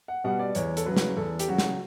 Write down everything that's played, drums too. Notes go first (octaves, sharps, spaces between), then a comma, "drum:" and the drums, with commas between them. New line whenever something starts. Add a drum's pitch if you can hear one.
F#5
B2 G3 F#5
D5
E2 C#5, drum: hi-hat
A4, drum: hi-hat
C#3 F#3 B4
drum: snare
E2 A4
G4, drum: hi-hat
C#3 F#3 F#4
drum: snare